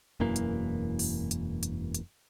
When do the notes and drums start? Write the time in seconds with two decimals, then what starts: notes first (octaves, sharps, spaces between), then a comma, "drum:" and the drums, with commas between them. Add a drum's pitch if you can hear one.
0.20 E1 F#2 E3 A#3
0.36 drum: hi-hat
0.99 drum: open hi-hat
1.31 drum: hi-hat
1.63 drum: hi-hat
1.95 drum: hi-hat